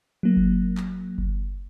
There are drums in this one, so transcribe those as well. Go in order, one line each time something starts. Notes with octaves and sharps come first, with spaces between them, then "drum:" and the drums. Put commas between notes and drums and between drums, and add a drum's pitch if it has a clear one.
F#3 A#3
drum: kick G1
drum: clap
drum: kick G1